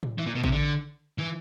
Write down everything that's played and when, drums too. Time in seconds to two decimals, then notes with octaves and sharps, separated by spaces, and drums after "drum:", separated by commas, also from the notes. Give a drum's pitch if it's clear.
0.03 drum: tom A2
0.18 E3
0.26 A#2
0.35 B2
0.44 C3, drum: kick A1
0.52 D3
1.19 E3